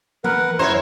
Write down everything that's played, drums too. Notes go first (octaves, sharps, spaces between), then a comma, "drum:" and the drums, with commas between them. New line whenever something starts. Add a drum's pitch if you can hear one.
A#4 B4 F#5, drum: tom E3
F#2 E4 C5 C#5 A#5, drum: tom